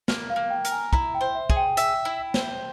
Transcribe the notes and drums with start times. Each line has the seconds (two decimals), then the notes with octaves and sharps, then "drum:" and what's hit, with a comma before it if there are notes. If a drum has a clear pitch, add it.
0.08 A#3, drum: snare
0.30 F5
0.36 A#3
0.50 G5
0.65 A#4, drum: hi-hat
0.72 G#5
0.93 E4 A#5, drum: kick
1.14 G5
1.21 C5
1.35 E5
1.50 G#4, drum: kick
1.56 G5
1.77 E5, drum: hi-hat
2.05 E4
2.34 C5, drum: snare